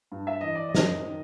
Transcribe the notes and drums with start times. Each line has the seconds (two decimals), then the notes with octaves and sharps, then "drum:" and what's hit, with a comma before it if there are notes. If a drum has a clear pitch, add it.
0.12 G2
0.27 E5
0.41 E3 D#5
0.55 D5
0.69 D#5
0.75 F#2, drum: snare
1.05 D#3